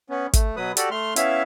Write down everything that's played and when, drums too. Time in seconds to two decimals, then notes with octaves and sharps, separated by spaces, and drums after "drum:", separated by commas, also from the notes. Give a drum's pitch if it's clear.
0.10 B3 C#4
0.33 A3, drum: kick, hi-hat
0.56 B2 F#3 B4 D#6
0.77 F#4 G4 A4 D5, drum: hi-hat
0.91 A3 C6 F6
1.16 B3 C#4 E4 E5 F5, drum: hi-hat